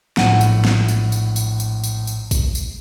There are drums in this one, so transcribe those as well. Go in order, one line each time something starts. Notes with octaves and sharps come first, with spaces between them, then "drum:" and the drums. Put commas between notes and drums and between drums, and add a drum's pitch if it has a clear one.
A#1 A2 F#5 D#7, drum: snare
drum: tambourine
drum: snare
drum: tambourine
drum: tambourine
drum: tambourine
drum: tambourine
drum: tambourine
drum: tambourine
drum: kick A#1, tambourine
drum: tambourine